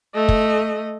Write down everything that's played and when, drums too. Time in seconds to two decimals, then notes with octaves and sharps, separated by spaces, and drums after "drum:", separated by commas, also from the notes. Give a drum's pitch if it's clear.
0.15 A3 D#5
0.29 drum: kick